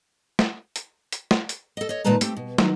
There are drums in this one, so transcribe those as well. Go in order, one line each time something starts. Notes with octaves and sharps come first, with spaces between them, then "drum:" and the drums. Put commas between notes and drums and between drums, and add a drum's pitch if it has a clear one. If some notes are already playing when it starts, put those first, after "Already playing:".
drum: snare
drum: hi-hat
drum: hi-hat
drum: snare
drum: hi-hat
A4 D#5
C#5 D#5
A#2 D#3 G#3 B4 A5 A#5
A3 C4 G4, drum: hi-hat
B2
D#3 F#3, drum: snare